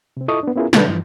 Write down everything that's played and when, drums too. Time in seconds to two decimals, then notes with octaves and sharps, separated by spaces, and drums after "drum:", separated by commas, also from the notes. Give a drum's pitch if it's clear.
0.17 C3 C4
0.28 E4 F4 A4 D#5 C#6 D#6
0.43 B3 D4
0.56 B3 C#4 E4 F4 G#4 A#4
0.73 C3 D#3 G#3 D4 A4 B4, drum: snare
0.88 G2 E3 F3